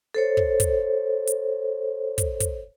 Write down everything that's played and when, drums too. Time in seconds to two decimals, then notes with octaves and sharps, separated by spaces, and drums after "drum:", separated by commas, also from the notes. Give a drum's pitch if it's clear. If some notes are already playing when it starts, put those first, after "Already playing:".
0.14 A4 C5 C#5
0.37 drum: kick
0.60 drum: kick, hi-hat
1.27 drum: hi-hat
2.18 drum: kick, hi-hat
2.40 drum: kick, hi-hat